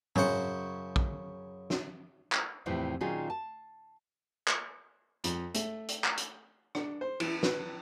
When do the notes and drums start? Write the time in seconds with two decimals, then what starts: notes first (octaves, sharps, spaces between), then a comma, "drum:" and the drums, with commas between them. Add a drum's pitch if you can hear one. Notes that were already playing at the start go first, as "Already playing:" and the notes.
0.16 F#2 C#3 C5 F#5, drum: tom
0.96 drum: kick
1.70 drum: snare
2.32 drum: clap
2.66 E2 A2 C3 E3 F3 A3
3.01 A#2 D#3 F#3 C#4 F4 G#4
3.30 A5
4.48 drum: clap
5.24 F2, drum: hi-hat
5.54 A3, drum: hi-hat
5.88 drum: hi-hat
6.04 drum: clap
6.17 drum: hi-hat
6.75 D4, drum: rim click
7.01 C5
7.20 E3, drum: cymbal
7.43 B4, drum: snare